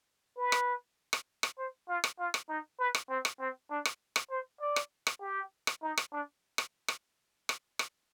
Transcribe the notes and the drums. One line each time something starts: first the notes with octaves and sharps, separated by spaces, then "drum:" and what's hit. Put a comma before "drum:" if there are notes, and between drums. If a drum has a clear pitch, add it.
B4
drum: rim click
drum: rim click
drum: rim click
C5
F4
drum: rim click
F4
drum: rim click
D#4
B4
drum: rim click
C4
drum: rim click
C4
D4
drum: rim click
drum: rim click
C5
D5
drum: rim click
drum: rim click
G4
drum: rim click
D#4
drum: rim click
D4
drum: rim click
drum: rim click
drum: rim click
drum: rim click